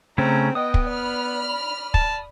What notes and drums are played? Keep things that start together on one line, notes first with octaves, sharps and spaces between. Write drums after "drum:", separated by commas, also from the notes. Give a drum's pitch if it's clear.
C#3 A3 C4 C#4 A#5
B3 D#5 G5 D#6
drum: kick
D5 B5 F6
A5, drum: kick